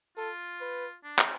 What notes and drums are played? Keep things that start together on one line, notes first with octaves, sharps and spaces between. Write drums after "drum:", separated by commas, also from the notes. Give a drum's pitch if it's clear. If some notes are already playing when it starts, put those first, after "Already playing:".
F4 A4
B4
D4
C4, drum: clap